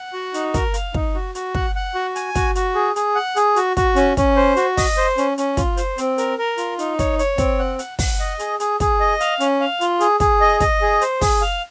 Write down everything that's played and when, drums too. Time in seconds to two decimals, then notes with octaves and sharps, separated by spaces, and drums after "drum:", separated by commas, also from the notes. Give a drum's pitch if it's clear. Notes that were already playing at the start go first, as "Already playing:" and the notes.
Already playing: F#5
0.13 F#4
0.34 D#4, drum: hi-hat
0.54 A#4, drum: kick, hi-hat
0.74 F5, drum: hi-hat
0.94 D#4, drum: kick
1.15 F#4
1.35 F#4, drum: hi-hat
1.55 F#5, drum: kick
1.75 F#5
1.95 F#4
2.16 G#5, drum: hi-hat
2.35 F#4, drum: kick, hi-hat
2.55 F#4, drum: hi-hat
2.75 G#4
2.96 G#4, drum: hi-hat
3.15 F#5
3.36 G#4, drum: hi-hat
3.56 F#4, drum: hi-hat
3.77 F#4, drum: kick, hi-hat
3.96 C#4, drum: hi-hat
4.17 C#4, drum: kick, hi-hat
4.37 C5
4.56 F#4, drum: hi-hat
4.77 D#5, drum: kick, open hi-hat
4.97 C5
5.18 C#4, drum: hi-hat
5.38 C#4, drum: hi-hat
5.57 F4, drum: kick, hi-hat
5.77 C5, drum: hi-hat
5.98 C4, drum: hi-hat
6.18 A#4, drum: hi-hat
6.39 A#4
6.58 F4, drum: hi-hat
6.79 D#4, drum: hi-hat
6.99 C#5, drum: kick, hi-hat
7.19 C#5, drum: hi-hat
7.38 C4, drum: kick, hi-hat
7.59 F#5
7.79 F#5, drum: hi-hat
7.99 F#5, drum: kick, open hi-hat
8.20 D#5
8.39 G#4, drum: hi-hat
8.60 G#4, drum: hi-hat
8.80 G#4, drum: kick, hi-hat
9.00 D#5
9.20 F5, drum: hi-hat
9.40 C#4, drum: hi-hat
9.60 F5
9.81 F4, drum: hi-hat
10.00 G#4, drum: hi-hat
10.20 G#4, drum: kick, hi-hat
10.41 D#5
10.60 D#5, drum: kick, hi-hat
10.82 G#4
11.01 C5, drum: hi-hat
11.21 G#4, drum: kick, open hi-hat
11.41 F5